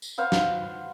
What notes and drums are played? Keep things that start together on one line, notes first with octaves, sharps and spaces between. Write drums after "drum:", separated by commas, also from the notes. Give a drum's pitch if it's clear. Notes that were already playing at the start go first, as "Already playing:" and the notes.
drum: tambourine
B4 C5 F5 F#5
drum: snare